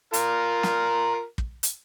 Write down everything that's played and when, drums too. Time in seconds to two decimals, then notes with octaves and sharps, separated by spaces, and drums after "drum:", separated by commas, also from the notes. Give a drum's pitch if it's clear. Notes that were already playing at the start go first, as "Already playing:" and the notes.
0.13 F4 A#4, drum: hi-hat
0.63 drum: snare
1.38 drum: kick
1.63 drum: hi-hat